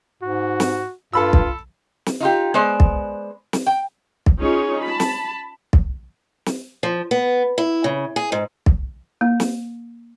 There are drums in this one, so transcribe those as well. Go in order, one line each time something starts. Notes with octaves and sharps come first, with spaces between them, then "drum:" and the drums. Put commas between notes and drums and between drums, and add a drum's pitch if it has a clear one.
G#2 F#4
drum: snare
G2 F4 A4 B5 E6
drum: kick
drum: snare
D#4 F4 G4
G#3 B3 C5 D5
drum: kick
drum: snare
G5
drum: kick
C#4 D#4 F4 G#4 C#5
A5 B5
drum: snare
drum: kick
drum: snare
F3
B3
E4
C#3
G#4
G#2
drum: kick
A#3
drum: snare